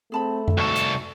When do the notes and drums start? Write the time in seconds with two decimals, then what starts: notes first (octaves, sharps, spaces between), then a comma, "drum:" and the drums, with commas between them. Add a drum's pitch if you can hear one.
0.12 A3 C4 G#4 A5 B5
0.48 drum: tom F#2
0.58 C2 D#4 F#4 A4 C#6
0.76 drum: hi-hat